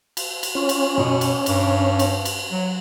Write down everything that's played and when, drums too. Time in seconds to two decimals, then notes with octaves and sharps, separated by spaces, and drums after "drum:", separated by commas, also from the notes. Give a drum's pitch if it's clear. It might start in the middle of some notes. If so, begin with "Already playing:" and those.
0.17 drum: cymbal
0.43 drum: cymbal
0.55 C#4 F4
0.69 drum: cymbal
0.98 B2, drum: tom F#2
1.21 drum: cymbal
1.46 G2, drum: cymbal
1.99 drum: cymbal
2.25 drum: cymbal
2.52 F#3